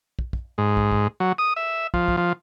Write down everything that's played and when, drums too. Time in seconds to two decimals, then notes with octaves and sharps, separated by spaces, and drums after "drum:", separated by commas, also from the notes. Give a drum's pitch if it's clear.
0.19 drum: kick
0.33 drum: kick
0.58 G#2
0.77 drum: kick
0.92 drum: kick
1.20 F#3
1.38 D#6
1.56 E5
1.94 F3, drum: kick
2.08 drum: kick
2.17 F3